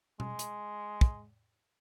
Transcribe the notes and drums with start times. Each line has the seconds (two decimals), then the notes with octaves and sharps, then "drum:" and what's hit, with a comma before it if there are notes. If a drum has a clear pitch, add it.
0.20 G#3, drum: tom B2
0.39 drum: hi-hat
1.01 drum: kick